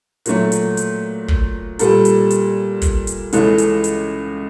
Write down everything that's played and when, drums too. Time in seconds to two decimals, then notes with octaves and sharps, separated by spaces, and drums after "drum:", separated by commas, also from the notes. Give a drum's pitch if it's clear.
0.26 A#2 F#3 A3, drum: hi-hat
0.52 drum: hi-hat
0.77 drum: hi-hat
1.28 drum: kick
1.79 A#2 G3 A4, drum: hi-hat
2.05 drum: hi-hat
2.30 drum: hi-hat
2.82 drum: kick, hi-hat
3.07 drum: hi-hat
3.32 C#2 C#3 E3 A4, drum: hi-hat
3.58 drum: hi-hat
3.84 drum: hi-hat